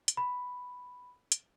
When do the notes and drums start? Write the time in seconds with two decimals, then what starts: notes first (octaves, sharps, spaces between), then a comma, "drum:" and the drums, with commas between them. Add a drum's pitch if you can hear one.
0.08 drum: hi-hat
0.17 B5
1.32 drum: hi-hat